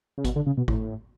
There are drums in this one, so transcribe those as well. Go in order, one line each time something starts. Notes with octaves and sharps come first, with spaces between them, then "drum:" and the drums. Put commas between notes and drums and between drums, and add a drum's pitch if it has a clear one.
C#3
B2, drum: kick G#1, hi-hat
D3
C#3
B2
A2, drum: kick G#1